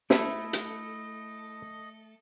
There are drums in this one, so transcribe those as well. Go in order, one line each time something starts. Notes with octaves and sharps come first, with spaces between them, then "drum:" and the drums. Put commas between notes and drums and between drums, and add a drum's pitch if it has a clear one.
A3 E4 A4 D#5, drum: snare
drum: hi-hat